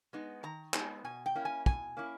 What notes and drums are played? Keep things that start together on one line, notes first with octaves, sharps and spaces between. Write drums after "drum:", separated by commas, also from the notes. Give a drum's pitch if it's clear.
G#3 B3 D#4
D#3 A#5
G#3 B3 D#4, drum: clap
B2 G#5
G5
A#3 C#4 E4
G#5
B2 G#5, drum: kick
A#3 C#4 E4